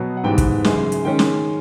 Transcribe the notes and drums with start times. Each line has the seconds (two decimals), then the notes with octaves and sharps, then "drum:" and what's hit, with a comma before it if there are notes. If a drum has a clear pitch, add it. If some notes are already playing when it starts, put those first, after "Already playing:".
Already playing: B2 F#3 B3
0.17 F#5
0.24 G#2 E3 G3 B3 G5
0.38 drum: kick, hi-hat
0.65 F#2 C#3 E3 G#3, drum: snare
0.92 drum: hi-hat
1.05 D#3 G#3 C#4 G5
1.19 drum: snare